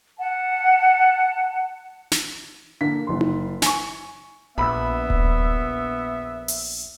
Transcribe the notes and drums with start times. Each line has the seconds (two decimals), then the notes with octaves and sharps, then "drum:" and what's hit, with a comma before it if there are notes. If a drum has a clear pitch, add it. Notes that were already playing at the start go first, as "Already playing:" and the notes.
0.18 F#5 A5
2.12 drum: snare
2.81 D3 A#3 B6
3.07 F#1 C6
3.21 drum: tom D#4
3.62 G#5 C#6, drum: snare
4.58 A#1 B3 E5 B5 E6
5.10 drum: kick D#1
6.48 drum: open hi-hat